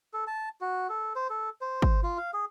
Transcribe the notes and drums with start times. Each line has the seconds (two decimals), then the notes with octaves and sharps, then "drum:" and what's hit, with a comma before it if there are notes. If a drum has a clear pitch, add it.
0.14 A4
0.27 A5
0.61 F#4
0.89 A4
1.16 C5
1.30 A4
1.61 C5
1.82 drum: kick
2.03 F4
2.18 F5
2.33 G#4